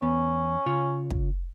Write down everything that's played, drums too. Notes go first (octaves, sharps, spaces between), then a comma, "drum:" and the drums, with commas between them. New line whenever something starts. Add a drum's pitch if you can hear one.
E2 B3 C#4
C#3 F4 C#5
drum: kick